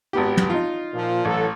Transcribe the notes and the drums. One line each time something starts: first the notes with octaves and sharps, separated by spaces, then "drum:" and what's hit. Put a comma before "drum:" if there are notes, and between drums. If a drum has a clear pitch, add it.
G#1 B3 G4
drum: tom
D#4 F4
A#2 F3
A1 E3 F#3 A4